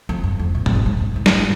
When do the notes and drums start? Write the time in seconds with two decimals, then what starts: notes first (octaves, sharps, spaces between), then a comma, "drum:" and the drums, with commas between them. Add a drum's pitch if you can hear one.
0.09 F2
0.24 G2
0.39 F2
0.55 A#2
0.66 G2, drum: tom A#2
0.75 G#2
0.86 G#2
1.01 G2
1.16 G#2
1.26 G#2, drum: snare